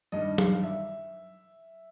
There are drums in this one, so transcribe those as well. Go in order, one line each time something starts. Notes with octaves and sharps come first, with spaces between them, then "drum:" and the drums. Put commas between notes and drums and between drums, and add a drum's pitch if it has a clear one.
G2 D#3 G3 D#5
F5, drum: tom
E5